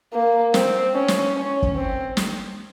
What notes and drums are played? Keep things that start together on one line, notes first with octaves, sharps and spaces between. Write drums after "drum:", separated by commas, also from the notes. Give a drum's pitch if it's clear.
A#3
C4, drum: snare
C#4
drum: snare
C#4
drum: kick
C4
drum: snare